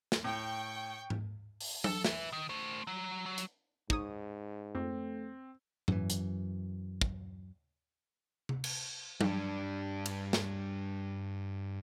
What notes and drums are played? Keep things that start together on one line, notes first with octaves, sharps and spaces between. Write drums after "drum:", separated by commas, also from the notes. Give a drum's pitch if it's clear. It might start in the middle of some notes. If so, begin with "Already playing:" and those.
drum: snare
A2 G5 C#6
drum: tom G#2
drum: open hi-hat
A4, drum: tom F#3
B4 E5, drum: snare
D#3
A3 C5
F#3
F#3
drum: hi-hat
G#2 D#4 C#5 D#6, drum: kick
F2 A3 C4
F#2 E3, drum: tom G#2
drum: hi-hat
drum: kick
drum: tom C3
drum: cymbal
G2 D4, drum: tom F#3
drum: cymbal
drum: snare